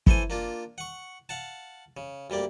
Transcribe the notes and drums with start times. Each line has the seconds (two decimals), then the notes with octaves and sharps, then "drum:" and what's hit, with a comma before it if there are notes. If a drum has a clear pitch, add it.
0.07 E3 A4 C5 G#5, drum: kick
0.30 A#3 D4 F4
0.78 F#5 C#6
1.29 F5 F#5 A5
1.97 C#3
2.30 D2 G3 A#3 D5